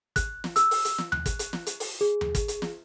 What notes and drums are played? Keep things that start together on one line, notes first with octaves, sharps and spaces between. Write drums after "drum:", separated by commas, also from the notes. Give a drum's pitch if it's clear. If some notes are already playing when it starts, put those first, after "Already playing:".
F#6, drum: kick, hi-hat
drum: snare
E6, drum: hi-hat
drum: open hi-hat
drum: hi-hat
drum: snare
F#6, drum: tom D#2
drum: kick, hi-hat
drum: hi-hat
drum: snare
drum: hi-hat
drum: open hi-hat
G#4
drum: tom D#2
drum: kick, hi-hat
drum: hi-hat
drum: snare